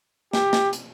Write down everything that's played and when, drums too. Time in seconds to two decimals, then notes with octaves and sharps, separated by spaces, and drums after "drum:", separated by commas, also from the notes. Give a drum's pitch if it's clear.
0.33 G4, drum: snare
0.53 drum: snare
0.73 drum: hi-hat